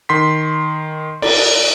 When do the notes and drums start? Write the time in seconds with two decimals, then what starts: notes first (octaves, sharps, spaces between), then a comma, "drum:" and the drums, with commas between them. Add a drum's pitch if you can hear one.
0.09 D#3 C6 B6
1.22 D5, drum: cymbal